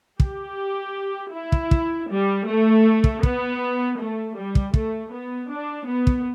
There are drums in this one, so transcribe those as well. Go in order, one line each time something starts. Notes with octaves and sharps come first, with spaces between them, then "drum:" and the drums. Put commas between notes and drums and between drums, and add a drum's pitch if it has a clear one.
G4, drum: kick
E4
drum: kick
drum: kick
G3
A3
drum: kick
B3, drum: kick
A3
G3
drum: kick
A3, drum: kick
B3
D4
B3
drum: kick